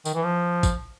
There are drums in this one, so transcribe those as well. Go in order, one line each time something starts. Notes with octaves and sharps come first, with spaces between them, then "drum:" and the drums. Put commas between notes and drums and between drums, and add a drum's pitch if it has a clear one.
D#3, drum: tambourine
E3
F3
drum: kick G#1, tambourine